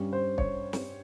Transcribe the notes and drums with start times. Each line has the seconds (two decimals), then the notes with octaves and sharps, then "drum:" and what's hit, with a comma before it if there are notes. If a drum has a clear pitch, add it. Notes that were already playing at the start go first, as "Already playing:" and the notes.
Already playing: G2 G3 C#4
0.13 C5
0.38 C#5, drum: kick
0.73 drum: snare